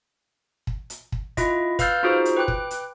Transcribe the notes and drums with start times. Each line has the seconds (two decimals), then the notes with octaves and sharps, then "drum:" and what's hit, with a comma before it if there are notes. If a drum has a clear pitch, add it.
0.67 drum: kick
0.90 drum: hi-hat
1.12 drum: kick
1.37 E4 F4 D#5, drum: kick, hi-hat
1.79 B4 F5 E6 F6 G6 A6, drum: kick, hi-hat
2.03 D#4 F4 F#4 G#4 C5
2.25 drum: hi-hat
2.37 B4 G5 D6 F#6
2.48 drum: kick
2.71 drum: hi-hat